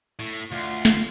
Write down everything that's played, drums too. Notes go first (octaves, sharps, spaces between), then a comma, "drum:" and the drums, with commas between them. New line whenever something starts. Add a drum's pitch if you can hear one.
A2
D2 F4
drum: snare